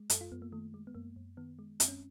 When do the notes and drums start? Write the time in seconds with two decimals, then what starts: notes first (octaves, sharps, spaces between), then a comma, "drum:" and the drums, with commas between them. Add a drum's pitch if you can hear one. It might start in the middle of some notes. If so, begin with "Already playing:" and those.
Already playing: G#3
0.10 F#2 A4, drum: hi-hat
0.21 F4
0.32 F#2 B3
0.42 A#3
0.52 D#3 A3
0.74 G#3
0.87 B3
0.95 F#2 A#3
1.16 F#2
1.37 D#3 B3
1.59 G#3
1.80 F#2 C4, drum: hi-hat
1.88 C#4